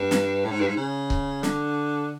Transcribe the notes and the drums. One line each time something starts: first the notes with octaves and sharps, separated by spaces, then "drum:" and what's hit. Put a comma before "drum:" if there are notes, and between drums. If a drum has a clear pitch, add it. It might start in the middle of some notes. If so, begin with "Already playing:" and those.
Already playing: G2
drum: snare
A2
G#2
G2
G#2
C#3
drum: kick C#1
D3, drum: snare